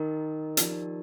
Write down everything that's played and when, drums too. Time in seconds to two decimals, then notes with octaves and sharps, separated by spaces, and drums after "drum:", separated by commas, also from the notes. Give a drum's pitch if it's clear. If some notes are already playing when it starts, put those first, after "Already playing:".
Already playing: D#3 D#4 A#4 D#5
0.57 F3 D#4 G4 A#4 D5, drum: hi-hat